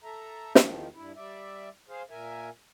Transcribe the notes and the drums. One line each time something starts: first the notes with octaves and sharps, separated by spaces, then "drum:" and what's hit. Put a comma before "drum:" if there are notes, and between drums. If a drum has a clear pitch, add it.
A4 E5 A#5
E2 D#3 F3, drum: snare
G2 E4
G3 D5 E5
G#4 C5 F5
A#2 A#4 E5 G#5